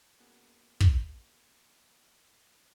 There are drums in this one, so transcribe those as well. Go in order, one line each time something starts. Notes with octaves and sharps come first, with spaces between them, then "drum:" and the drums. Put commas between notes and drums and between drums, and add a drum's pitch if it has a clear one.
A#3 B3 C#4 D4 F#4 G#4
drum: kick